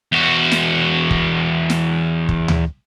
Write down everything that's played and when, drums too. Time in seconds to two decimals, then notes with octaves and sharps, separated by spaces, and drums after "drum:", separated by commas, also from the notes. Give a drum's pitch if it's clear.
0.12 E2 F#4
0.52 drum: snare
1.11 drum: kick
1.70 drum: snare
2.29 drum: kick
2.48 drum: tom D2